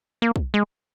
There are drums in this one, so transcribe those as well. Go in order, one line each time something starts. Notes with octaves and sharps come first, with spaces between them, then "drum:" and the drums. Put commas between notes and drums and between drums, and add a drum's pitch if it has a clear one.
A#3
drum: kick
G#3